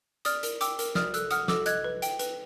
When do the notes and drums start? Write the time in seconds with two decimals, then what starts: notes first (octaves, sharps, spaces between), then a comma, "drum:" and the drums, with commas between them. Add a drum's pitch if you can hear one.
0.25 D5 D#6 F6, drum: hi-hat
0.43 A#4, drum: hi-hat
0.61 G5 D6 E6, drum: hi-hat
0.79 A#4, drum: hi-hat
0.95 D5 D#6 F6, drum: snare
1.14 A4 E6 F#6, drum: hi-hat
1.31 F#5 D#6 F6, drum: hi-hat
1.48 A4 D6 E6, drum: snare
1.66 D#5 F#6 G#6, drum: hi-hat
1.84 B4
2.02 G5, drum: hi-hat
2.19 B4, drum: hi-hat